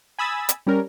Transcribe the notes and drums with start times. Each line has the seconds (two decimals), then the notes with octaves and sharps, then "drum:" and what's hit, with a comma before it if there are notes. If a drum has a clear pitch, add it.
0.19 G#5 B5 D#6 E6 G#6 A6
0.49 drum: hi-hat
0.67 G3 C#4 A#4